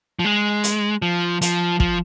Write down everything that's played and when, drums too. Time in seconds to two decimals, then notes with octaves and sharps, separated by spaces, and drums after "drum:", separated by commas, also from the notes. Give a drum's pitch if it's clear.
0.19 F3
0.25 G#3
0.64 drum: hi-hat
1.02 F3
1.42 F3, drum: hi-hat
1.80 F3, drum: kick